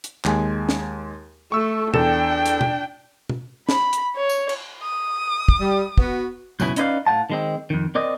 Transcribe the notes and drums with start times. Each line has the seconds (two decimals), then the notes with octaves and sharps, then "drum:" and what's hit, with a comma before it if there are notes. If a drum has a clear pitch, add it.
0.04 drum: hi-hat
0.24 D#2 G#3 G#5, drum: clap
0.69 drum: snare
1.52 A3 A4 C#6 E6
1.94 E2 D4 A4 G5 E7, drum: tom
2.46 drum: hi-hat
2.61 drum: tom
3.29 drum: tom
3.69 B5, drum: snare
3.93 drum: hi-hat
4.16 C#5
4.29 drum: tambourine
4.49 drum: cymbal
4.83 D#6
5.48 drum: kick
5.60 G3
5.98 B3 F#4, drum: kick
6.60 C#2 F#2 B2 B3 C#4 E4, drum: tambourine
6.76 C#4 D#4 E4 B4 D5 F5, drum: hi-hat
7.07 A2 F5 F#5 A5
7.30 D#3 G#3 C4
7.70 F2 D#3
7.95 C4 A#4 D5 D#5